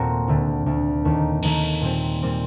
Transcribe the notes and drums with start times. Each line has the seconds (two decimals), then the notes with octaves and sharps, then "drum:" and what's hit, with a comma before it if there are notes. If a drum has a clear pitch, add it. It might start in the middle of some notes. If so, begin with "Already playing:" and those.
Already playing: D#2 A#2 A3 C4 F#4 A#4
0.28 D2 D3 A3
0.66 D2 D3 A3
1.05 D#2 D#3 A3
1.43 D#2 D#3 A3, drum: cymbal
1.82 A#2 G3 C4
2.22 A#2 G3 C4